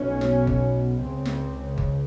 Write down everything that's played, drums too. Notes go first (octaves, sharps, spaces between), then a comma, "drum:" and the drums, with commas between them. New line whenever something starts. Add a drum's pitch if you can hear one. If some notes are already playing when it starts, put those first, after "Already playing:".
Already playing: B1 B2 C#4
drum: snare
drum: kick G1
C#2 C#3 C4
drum: snare
drum: kick G1